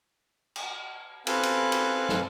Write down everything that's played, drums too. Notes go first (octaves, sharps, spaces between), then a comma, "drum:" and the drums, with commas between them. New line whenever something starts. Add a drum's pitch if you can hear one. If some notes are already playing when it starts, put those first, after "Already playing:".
drum: cymbal
C4 A4 B4 F5 G#5 F#6, drum: cymbal
drum: cymbal
drum: cymbal
drum: snare